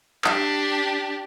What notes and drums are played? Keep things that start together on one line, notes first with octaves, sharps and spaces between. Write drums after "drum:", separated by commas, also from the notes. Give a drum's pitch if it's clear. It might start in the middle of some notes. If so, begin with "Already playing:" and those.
D4 G4, drum: clap